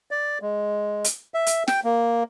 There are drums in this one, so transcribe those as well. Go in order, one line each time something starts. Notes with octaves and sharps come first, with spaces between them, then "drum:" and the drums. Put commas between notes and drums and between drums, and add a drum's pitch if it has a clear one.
D5
G#3
drum: hi-hat
E5
drum: hi-hat
G5, drum: snare
A#3